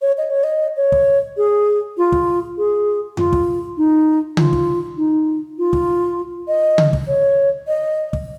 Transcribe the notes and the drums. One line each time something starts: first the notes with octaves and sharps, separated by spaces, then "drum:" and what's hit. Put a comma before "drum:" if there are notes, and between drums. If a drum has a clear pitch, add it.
C#5
D#5
C#5
D#5
C#5
drum: kick
G#4
F4
drum: kick
G#4
F4, drum: tom F2
drum: kick
D#4
F4, drum: tom C#3
drum: kick
D#4
F4
drum: kick
D#5
drum: tom C#3
drum: kick
C#5
D#5
drum: kick